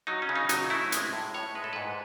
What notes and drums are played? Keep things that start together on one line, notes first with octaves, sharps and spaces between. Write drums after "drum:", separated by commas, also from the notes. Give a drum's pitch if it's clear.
F#3 D#4
C#4
C#3
D#4
F#3 D#4, drum: hi-hat
A3 E4
G#3, drum: hi-hat
A2
A2 C#5
G#3 B4
A4
G#2 B4